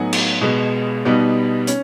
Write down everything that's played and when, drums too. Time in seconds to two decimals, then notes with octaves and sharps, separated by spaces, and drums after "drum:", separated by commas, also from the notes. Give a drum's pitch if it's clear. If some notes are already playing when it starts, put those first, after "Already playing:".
Already playing: A2 F#3 B3 D#4 F#5 G#5
0.13 drum: cymbal
0.41 B2 G#3 B3
1.05 B2 G3 B3 D#4
1.67 C#4, drum: hi-hat